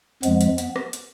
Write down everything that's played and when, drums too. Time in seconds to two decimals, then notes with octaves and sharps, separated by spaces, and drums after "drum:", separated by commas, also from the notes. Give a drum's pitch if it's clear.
0.23 F2 F3 G#3 B3, drum: hi-hat
0.41 drum: hi-hat
0.58 B3, drum: hi-hat
0.76 drum: rim click
0.93 drum: hi-hat